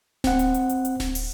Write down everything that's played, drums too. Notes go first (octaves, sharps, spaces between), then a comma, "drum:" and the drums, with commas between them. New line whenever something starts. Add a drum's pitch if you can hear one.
C4 F#5, drum: snare D1
drum: hi-hat
drum: hi-hat
drum: hi-hat
drum: hi-hat
drum: snare D1
drum: open hi-hat